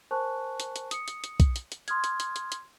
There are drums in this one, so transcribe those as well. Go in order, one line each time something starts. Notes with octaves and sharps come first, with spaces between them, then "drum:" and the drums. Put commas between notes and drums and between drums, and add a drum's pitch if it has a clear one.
A#4 C5 G#5 A5 C#6 F#6
drum: hi-hat
drum: hi-hat
D#6 C#7, drum: hi-hat
drum: hi-hat
drum: hi-hat
drum: kick B1, hi-hat
drum: hi-hat
drum: hi-hat
C6 D#6 F6 G#6, drum: hi-hat
drum: hi-hat
drum: hi-hat
drum: hi-hat
drum: hi-hat